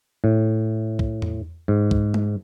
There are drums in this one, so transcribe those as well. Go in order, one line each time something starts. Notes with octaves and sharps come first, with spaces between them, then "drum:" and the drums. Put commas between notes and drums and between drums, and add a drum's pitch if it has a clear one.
A2
drum: kick
drum: tom E2
G#2
drum: kick
drum: tom G#3